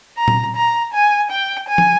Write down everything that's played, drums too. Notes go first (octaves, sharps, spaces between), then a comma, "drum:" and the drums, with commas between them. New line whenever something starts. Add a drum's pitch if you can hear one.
A#5
drum: tom
A#5
G#5
G5
G#5
drum: tom